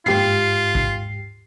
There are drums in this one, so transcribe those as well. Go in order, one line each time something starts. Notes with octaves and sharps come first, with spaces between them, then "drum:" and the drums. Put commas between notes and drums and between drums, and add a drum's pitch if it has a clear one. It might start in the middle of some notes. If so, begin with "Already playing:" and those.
G#2 F4 G4 C7, drum: tom
drum: kick A1